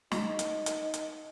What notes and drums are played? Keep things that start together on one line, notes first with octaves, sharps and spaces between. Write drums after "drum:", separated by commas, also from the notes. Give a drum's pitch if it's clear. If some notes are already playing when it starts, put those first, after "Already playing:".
D#4, drum: snare
drum: hi-hat
drum: hi-hat
drum: hi-hat